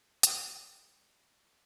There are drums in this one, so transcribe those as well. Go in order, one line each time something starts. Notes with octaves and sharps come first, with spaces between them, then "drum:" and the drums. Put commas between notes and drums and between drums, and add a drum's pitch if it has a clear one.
F#3, drum: hi-hat
G3
F#3